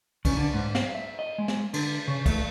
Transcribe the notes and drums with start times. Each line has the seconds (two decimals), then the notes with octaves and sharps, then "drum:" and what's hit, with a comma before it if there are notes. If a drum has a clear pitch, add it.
0.25 C#3, drum: kick C2, cymbal
0.37 D3
0.54 G#2
0.75 F5, drum: snare
0.95 E5
1.19 D#5
1.38 G#3
1.48 drum: snare
1.73 D3, drum: cymbal
2.08 C#3
2.26 A3, drum: kick C2, cymbal